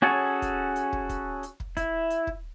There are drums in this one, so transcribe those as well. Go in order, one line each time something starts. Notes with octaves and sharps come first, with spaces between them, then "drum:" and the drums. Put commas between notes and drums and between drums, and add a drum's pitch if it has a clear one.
C#4 F#4 G#4 A4 C#5
drum: kick, hi-hat
drum: hi-hat
drum: kick
drum: kick, hi-hat
drum: hi-hat
drum: kick
E4, drum: kick, hi-hat
drum: hi-hat
drum: kick